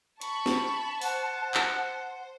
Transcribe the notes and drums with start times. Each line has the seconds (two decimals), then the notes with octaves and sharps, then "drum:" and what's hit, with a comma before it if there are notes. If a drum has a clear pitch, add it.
0.21 A5 B5 C#6, drum: hi-hat
0.46 drum: snare
1.02 C5 F#5, drum: open hi-hat
1.54 drum: clap